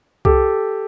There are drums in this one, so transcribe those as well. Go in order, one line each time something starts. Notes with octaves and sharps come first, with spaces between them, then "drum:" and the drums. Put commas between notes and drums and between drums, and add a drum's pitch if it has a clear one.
G4 A4, drum: kick C2